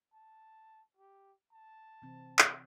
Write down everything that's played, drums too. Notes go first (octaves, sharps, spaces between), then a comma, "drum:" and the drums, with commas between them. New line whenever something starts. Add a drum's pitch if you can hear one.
A5
G4
A5
C3 E3 C4
drum: clap